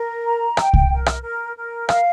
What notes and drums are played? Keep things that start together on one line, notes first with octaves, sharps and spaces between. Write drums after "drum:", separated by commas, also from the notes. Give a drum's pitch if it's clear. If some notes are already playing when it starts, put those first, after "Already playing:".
Already playing: A#4
A#5
G5, drum: rim click
drum: kick C2
A#4
drum: rim click
A#4
A#4
F5, drum: rim click